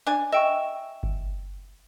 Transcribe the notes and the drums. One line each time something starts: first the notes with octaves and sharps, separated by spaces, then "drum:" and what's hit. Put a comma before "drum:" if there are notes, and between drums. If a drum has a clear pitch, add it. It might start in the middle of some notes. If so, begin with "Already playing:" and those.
D4 G#5
D#5 E5 G5 C#6
drum: kick G1